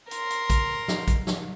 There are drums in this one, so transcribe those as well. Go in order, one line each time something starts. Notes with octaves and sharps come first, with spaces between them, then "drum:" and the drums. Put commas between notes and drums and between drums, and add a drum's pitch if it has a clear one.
A#4 C6, drum: hi-hat
drum: hi-hat
drum: kick A#1, hi-hat
drum: snare
drum: kick A#1, hi-hat
drum: snare